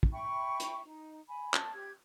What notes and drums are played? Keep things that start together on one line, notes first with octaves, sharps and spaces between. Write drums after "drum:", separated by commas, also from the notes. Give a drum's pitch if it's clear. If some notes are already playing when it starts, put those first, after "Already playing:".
drum: kick
E5 G5 B5 C#6
drum: hi-hat
D#4
G#5 B5
A5, drum: clap
G4 G#6